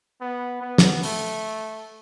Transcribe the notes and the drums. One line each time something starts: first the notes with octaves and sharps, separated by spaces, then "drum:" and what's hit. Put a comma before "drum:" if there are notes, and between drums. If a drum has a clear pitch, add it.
B3
B3
drum: snare
A3, drum: open hi-hat